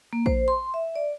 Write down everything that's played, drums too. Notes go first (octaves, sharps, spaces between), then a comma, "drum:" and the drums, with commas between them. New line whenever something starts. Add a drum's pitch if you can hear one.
A#3
C5, drum: kick
C6
E5
D5